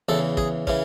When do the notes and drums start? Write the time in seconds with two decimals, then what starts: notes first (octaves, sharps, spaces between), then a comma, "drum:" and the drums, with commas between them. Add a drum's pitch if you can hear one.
0.09 E2 C#3 E3 A4
0.37 G#4, drum: kick
0.67 C#3 E3 C#4, drum: kick